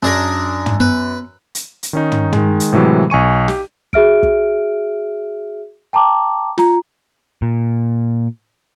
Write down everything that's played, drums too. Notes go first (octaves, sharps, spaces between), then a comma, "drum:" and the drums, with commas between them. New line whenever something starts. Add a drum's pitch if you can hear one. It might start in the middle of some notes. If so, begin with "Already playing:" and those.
F#2 D4 G#4 A#4
drum: tom
B3 B4
drum: hi-hat
drum: hi-hat
D#3 C#4 D#4
drum: tom
D#3 G#3, drum: tom
drum: hi-hat
A2 C3 E3 F#3 G#3
B1 G#5 C#6 D#7
G4, drum: snare
F#4 G#4 E5 F6 D7, drum: kick
drum: kick
G5 A5 A#5 D6
F4 A#5, drum: snare
A#2